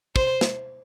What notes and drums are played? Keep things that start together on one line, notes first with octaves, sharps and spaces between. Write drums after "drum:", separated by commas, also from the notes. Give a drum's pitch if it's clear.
C5, drum: kick
drum: snare